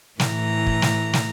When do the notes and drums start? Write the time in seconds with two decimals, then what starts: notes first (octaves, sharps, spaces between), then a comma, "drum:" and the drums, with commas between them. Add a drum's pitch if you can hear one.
0.20 A2 E3 A#5, drum: snare
0.66 drum: kick
0.82 drum: snare
1.13 drum: snare